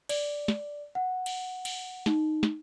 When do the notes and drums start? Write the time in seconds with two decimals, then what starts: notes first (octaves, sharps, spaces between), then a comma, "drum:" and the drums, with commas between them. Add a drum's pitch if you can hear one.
0.09 D5, drum: cymbal
0.48 drum: snare
0.95 F#5
1.26 drum: cymbal
1.65 drum: cymbal
2.06 D#4, drum: snare
2.43 drum: snare